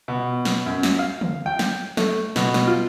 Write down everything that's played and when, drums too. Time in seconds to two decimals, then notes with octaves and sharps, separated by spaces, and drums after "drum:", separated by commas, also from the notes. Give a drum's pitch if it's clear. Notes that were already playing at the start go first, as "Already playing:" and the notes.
0.08 B2
0.45 drum: snare
0.66 F#2
0.83 drum: snare
0.99 F5
1.21 drum: tom D3
1.46 G5
1.59 drum: snare
1.97 A3, drum: snare
2.36 B2, drum: snare
2.54 drum: snare
2.67 F4